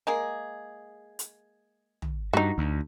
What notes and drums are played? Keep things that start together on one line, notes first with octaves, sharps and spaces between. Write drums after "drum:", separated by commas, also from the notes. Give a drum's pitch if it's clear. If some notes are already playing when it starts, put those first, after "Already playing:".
G#3 A#3 G#4
drum: hi-hat
drum: tom
G2 D#4 F#4
D2